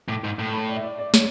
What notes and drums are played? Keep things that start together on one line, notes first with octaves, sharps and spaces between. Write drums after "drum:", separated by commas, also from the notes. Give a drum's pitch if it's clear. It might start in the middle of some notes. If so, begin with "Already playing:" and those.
A2 D6
G#2
A2
B5
D5
E5
D5
D5
C#5, drum: snare